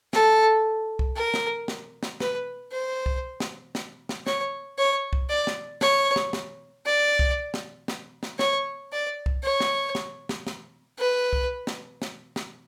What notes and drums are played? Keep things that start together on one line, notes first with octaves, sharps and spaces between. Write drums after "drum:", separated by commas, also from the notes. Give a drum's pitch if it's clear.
A4, drum: snare
drum: kick
A#4
drum: snare
drum: snare
drum: snare
B4, drum: snare
C5
drum: kick
drum: snare
drum: snare
drum: snare
C#5, drum: snare
C#5
drum: kick
D5
drum: snare
C#5, drum: snare
drum: snare
drum: snare
D5
drum: kick
drum: snare
drum: snare
drum: snare
C#5, drum: snare
D5
drum: kick
C#5
drum: snare
drum: snare
drum: snare
drum: snare
B4
drum: kick
drum: snare
drum: snare
drum: snare